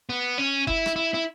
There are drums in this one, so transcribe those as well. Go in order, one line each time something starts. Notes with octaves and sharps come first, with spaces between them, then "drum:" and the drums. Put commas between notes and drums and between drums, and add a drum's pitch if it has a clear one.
B3
C#4
E4, drum: kick F#1
drum: rim click
E4
E4